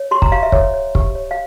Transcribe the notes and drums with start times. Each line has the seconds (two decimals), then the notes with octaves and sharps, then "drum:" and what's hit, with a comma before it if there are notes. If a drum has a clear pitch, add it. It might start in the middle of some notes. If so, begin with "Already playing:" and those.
Already playing: C#5
0.11 G4 C6
0.22 A#5, drum: kick
0.32 G4 F5
0.43 E5
0.52 C#5, drum: kick
0.74 C#5
0.95 G4, drum: kick
1.15 C#5
1.31 F5